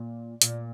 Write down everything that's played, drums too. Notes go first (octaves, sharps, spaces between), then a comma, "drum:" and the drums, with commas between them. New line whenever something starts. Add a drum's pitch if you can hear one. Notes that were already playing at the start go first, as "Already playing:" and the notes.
Already playing: A#2
A#2, drum: hi-hat